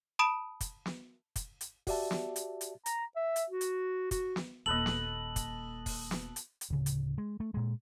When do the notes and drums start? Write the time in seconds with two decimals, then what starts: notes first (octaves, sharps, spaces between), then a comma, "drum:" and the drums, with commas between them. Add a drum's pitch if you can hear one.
0.19 A5 B5 D#6 D7 E7
0.61 drum: kick, hi-hat
0.86 drum: snare
1.36 drum: kick, hi-hat
1.61 drum: hi-hat
1.87 F#4 G4 D5 E5 A5, drum: kick, open hi-hat
2.11 drum: snare
2.36 drum: hi-hat
2.61 drum: hi-hat
2.86 A#5, drum: hi-hat
3.16 E5
3.36 drum: hi-hat
3.50 F#4
3.61 drum: hi-hat
4.11 F#4, drum: kick, hi-hat
4.36 drum: snare
4.66 D#1 A#3 A4 B4 D#5 F#7
4.86 drum: snare
5.36 drum: kick, hi-hat
5.86 drum: kick, open hi-hat
6.11 drum: snare
6.36 drum: hi-hat
6.61 drum: hi-hat
6.70 D1 C#3
6.86 drum: hi-hat
7.18 G#3
7.40 A3
7.54 A#2 G#3